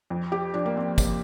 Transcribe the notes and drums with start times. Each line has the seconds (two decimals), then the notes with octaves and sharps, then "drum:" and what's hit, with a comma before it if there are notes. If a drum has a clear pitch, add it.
0.10 F2
0.32 G4
0.54 F3 D4
0.66 A#3
0.77 C4
0.98 A#3, drum: kick, tambourine